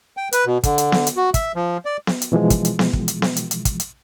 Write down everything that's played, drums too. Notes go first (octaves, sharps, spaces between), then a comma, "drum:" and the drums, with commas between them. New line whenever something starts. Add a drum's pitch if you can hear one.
G5
B4, drum: hi-hat
B2
D3, drum: kick, hi-hat
drum: hi-hat
drum: snare B3
drum: hi-hat
F#4
E5, drum: kick, hi-hat
F3
D5
drum: snare B3
drum: hi-hat
B2 E3 F3 G#3
drum: kick, hi-hat
drum: hi-hat
drum: snare B3
drum: kick
drum: hi-hat
drum: snare B3
drum: hi-hat
drum: hi-hat
drum: kick, hi-hat
drum: hi-hat